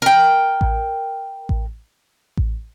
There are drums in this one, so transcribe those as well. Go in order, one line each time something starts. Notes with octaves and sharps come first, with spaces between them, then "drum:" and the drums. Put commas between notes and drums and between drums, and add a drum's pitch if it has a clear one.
A#4 G5
drum: kick A1
drum: kick A1
drum: kick A1